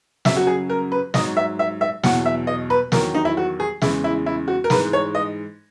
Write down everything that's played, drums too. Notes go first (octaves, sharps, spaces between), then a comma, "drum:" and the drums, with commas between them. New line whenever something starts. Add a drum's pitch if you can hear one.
F#2 C#3 F#3 E5, drum: snare
F#4
G#4
A#4
B4
G#2 F#3 D#5, drum: snare
E5
E5
E5
E2 B2 F#3 F#5, drum: snare
E5
D#5
B4
E2 D#3 F#3 A#4, drum: snare
D#4
E4
F#4
G#4
E2 C#3 E3 G#3 E4, drum: snare
E4
E4
F#4
A#4
G#2 E3 G#3 B4, drum: snare
C#5
D#5